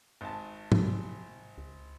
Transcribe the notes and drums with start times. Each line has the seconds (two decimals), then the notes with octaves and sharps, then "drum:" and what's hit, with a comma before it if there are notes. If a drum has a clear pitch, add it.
0.21 G#1 A5
0.72 C3, drum: tom G#2
1.58 C#2